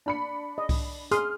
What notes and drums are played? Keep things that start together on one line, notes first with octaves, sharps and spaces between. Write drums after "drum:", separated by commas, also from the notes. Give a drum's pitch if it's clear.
D4 B5 C#7
D#5
drum: kick C2, open hi-hat
G#4 C6 D#6 F6, drum: hi-hat